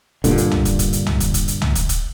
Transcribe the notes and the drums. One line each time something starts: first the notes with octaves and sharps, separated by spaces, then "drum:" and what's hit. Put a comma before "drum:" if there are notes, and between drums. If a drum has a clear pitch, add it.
G2 A#2 D3, drum: kick, hi-hat
drum: hi-hat
drum: tom C2
drum: kick, hi-hat
drum: kick, hi-hat
drum: hi-hat
drum: tom C2
drum: kick, hi-hat
drum: kick, hi-hat
drum: hi-hat
drum: tom C2
drum: kick, hi-hat
drum: kick, hi-hat